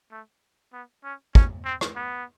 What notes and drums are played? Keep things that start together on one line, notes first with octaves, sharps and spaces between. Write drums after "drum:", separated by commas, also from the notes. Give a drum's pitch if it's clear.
A3
B3
C#4
C#4, drum: kick
C4
drum: rim click
B3